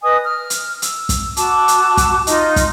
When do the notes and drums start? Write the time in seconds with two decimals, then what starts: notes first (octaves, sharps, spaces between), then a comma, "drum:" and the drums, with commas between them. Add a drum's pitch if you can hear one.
0.03 B4 D#5 G#5 D#6
0.24 F6
0.50 drum: hi-hat
0.82 E6, drum: hi-hat
1.09 drum: kick, hi-hat
1.37 F#4 A5 D6 E6, drum: hi-hat
1.68 drum: hi-hat
1.97 drum: kick, hi-hat
2.27 D#4 F4 D#5, drum: hi-hat
2.56 drum: kick, hi-hat